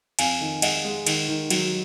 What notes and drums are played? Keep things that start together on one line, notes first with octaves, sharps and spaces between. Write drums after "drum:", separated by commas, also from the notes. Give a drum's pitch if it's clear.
F2 F5 G#5, drum: cymbal
D#3
G#3 D#5 F#5, drum: cymbal
G#3
D#3, drum: cymbal
D#3
F#3, drum: cymbal